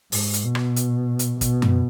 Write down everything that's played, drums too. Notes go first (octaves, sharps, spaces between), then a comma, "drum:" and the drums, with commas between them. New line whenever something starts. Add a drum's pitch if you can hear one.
G#2, drum: open hi-hat
drum: hi-hat
B2
drum: rim click
drum: hi-hat
drum: hi-hat
B2, drum: kick, hi-hat
drum: tom F#2